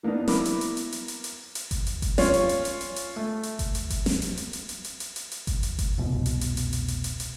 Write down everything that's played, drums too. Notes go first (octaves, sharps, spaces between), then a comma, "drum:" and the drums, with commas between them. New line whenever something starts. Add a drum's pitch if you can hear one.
E3 A#3 B3 D4 D#4
B3 E4 A#4 B4 B5 D6, drum: snare
drum: hi-hat
drum: hi-hat
drum: hi-hat
drum: hi-hat
drum: hi-hat
drum: hi-hat
drum: hi-hat
drum: kick G1, hi-hat
drum: hi-hat
drum: kick G1, hi-hat
C#4 F4 C#5, drum: snare
drum: hi-hat
drum: hi-hat
drum: hi-hat
drum: hi-hat
drum: hi-hat
A3
drum: hi-hat
drum: kick G1, hi-hat
drum: hi-hat
drum: kick G1, hi-hat
drum: snare
drum: hi-hat
drum: hi-hat
drum: hi-hat
drum: hi-hat
drum: hi-hat
drum: hi-hat
drum: hi-hat
drum: hi-hat
drum: kick G1, hi-hat
drum: hi-hat
drum: kick G1, hi-hat
F1 C2 B2
drum: hi-hat
drum: hi-hat
drum: hi-hat
drum: hi-hat
drum: hi-hat
drum: hi-hat
drum: hi-hat